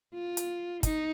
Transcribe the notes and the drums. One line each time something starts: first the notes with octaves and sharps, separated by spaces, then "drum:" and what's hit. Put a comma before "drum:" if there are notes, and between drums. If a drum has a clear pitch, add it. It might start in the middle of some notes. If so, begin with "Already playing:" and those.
F4
drum: hi-hat
D#4, drum: kick, hi-hat